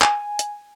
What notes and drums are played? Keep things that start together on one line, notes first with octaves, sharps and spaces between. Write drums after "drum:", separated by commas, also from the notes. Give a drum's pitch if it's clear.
G#5, drum: clap
drum: hi-hat